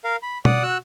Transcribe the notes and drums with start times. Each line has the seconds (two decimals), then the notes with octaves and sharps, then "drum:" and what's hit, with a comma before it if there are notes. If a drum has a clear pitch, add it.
0.04 A#4 F5
0.22 B5
0.45 D5 F#5 D#6, drum: tom B2
0.63 F#4 E6 F#6